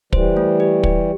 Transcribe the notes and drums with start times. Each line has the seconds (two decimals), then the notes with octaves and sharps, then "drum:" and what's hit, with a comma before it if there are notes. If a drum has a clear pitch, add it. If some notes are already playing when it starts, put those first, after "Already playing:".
0.13 E3 G3 C5, drum: kick
0.37 A3
0.60 G4
0.83 G4, drum: kick